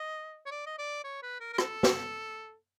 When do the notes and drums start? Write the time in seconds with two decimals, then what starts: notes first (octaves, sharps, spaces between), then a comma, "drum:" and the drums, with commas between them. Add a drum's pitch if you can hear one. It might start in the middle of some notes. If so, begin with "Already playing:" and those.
Already playing: D#5
0.46 C#5
0.51 D5
0.66 D#5
0.78 D5
1.04 C#5
1.22 B4
1.40 A#4
1.53 A#4
1.58 A4, drum: rim click
1.83 drum: snare